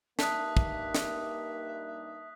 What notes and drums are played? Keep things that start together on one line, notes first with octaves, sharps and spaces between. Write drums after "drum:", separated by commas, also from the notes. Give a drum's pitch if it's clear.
G2 A#3 D#4 E5 A5 D#6 F#6 B6, drum: snare
drum: kick
drum: snare